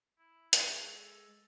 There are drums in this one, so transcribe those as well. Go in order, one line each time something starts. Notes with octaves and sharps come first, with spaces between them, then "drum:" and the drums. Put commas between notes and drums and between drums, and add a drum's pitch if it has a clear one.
E4
G#3 F#4, drum: hi-hat
A4